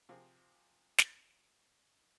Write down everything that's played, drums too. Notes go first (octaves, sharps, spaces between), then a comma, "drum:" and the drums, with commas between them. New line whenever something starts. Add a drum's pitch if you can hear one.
C3 F3 C4 G#4
drum: snare